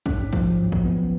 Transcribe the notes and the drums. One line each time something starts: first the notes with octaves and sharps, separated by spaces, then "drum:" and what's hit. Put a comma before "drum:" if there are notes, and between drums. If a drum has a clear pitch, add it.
G#2 C#4, drum: kick
F3, drum: kick
F#3
drum: kick
B3